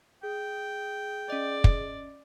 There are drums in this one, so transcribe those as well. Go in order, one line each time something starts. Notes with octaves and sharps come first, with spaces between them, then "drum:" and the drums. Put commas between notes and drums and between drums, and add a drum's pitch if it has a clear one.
G#4 G5
C#4 D5 D#5
drum: kick